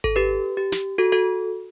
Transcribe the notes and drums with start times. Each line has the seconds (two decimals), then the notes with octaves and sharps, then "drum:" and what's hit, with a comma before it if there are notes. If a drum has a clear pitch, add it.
0.04 A4, drum: kick G#1
0.16 G4 B4
0.57 G4
0.72 drum: snare
0.98 F#4 A4
1.12 F#4 A4